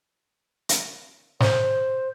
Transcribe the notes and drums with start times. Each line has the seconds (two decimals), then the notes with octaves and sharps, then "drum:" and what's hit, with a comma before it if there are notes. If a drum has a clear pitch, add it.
0.69 drum: hi-hat
1.40 C5, drum: snare